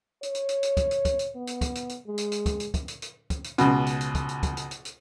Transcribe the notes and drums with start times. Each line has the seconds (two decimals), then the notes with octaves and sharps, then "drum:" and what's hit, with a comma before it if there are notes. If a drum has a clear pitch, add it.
0.23 C#5, drum: hi-hat
0.35 drum: hi-hat
0.49 drum: hi-hat
0.63 drum: hi-hat
0.77 drum: kick, hi-hat
0.91 drum: hi-hat
1.05 drum: kick, hi-hat
1.19 drum: hi-hat
1.36 B3
1.47 drum: hi-hat
1.61 drum: kick, hi-hat
1.75 drum: hi-hat
1.89 drum: hi-hat
2.07 G#3
2.18 drum: hi-hat
2.32 drum: hi-hat
2.46 drum: kick, hi-hat
2.60 drum: hi-hat
2.74 drum: kick, hi-hat
2.88 drum: hi-hat
3.02 drum: hi-hat
3.30 drum: kick, hi-hat
3.44 drum: hi-hat
3.58 C#2 B2, drum: hi-hat
3.87 drum: hi-hat
4.01 drum: hi-hat
4.15 drum: kick, hi-hat
4.29 drum: hi-hat
4.43 drum: kick, hi-hat
4.57 drum: hi-hat
4.71 drum: hi-hat
4.85 drum: hi-hat